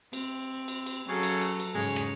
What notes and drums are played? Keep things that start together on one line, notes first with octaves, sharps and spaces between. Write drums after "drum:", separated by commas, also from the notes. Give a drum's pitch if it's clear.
C4, drum: cymbal
drum: cymbal
drum: cymbal
C#3 F#3 A4
drum: cymbal
drum: cymbal
drum: cymbal
G#2 C#3 G#3 C#5
drum: rim click